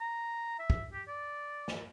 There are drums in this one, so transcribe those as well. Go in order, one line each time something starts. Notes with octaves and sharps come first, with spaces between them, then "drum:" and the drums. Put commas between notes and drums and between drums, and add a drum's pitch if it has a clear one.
A#5
E5
drum: kick
G4
D5
drum: snare